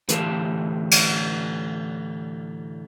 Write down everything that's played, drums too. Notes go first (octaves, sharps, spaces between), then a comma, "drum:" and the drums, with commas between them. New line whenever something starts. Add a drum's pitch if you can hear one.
A2 D3 E3 G4 F5 A5, drum: hi-hat
drum: cymbal